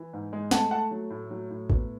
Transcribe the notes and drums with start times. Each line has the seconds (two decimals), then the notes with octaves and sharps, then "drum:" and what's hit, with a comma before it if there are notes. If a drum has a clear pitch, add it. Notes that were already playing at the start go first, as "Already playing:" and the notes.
Already playing: E3
0.13 G#2
0.33 G#3
0.51 A3 F#5 A5, drum: snare
0.71 A3 F#5 A5
0.91 F#3
1.10 A2
1.31 F#3
1.50 A2
1.70 B3, drum: kick